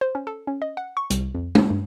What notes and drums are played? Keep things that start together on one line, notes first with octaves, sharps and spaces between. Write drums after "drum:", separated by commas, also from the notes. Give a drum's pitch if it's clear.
C5
C#4
A4
C#4
D#5
F#5
C#6
C2, drum: hi-hat
F2
A#3, drum: tom
G2